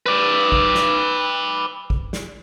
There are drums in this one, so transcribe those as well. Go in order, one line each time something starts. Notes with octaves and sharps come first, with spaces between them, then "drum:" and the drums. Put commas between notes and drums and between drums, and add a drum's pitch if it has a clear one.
B4 D5
drum: kick A1
drum: snare
drum: kick A1
drum: snare